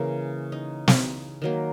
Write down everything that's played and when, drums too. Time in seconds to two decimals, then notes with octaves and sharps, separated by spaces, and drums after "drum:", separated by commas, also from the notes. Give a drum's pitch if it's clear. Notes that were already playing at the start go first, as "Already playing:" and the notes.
Already playing: C#3 E3 A#3 A#4
0.52 D#4
0.88 drum: snare
1.42 D#3 F#3 A#3